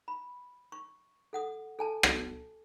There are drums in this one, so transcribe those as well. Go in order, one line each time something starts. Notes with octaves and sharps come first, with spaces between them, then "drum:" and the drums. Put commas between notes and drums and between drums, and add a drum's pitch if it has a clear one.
B5
C#6
A4 F#5 D#6
A4 G#5 A5
drum: rim click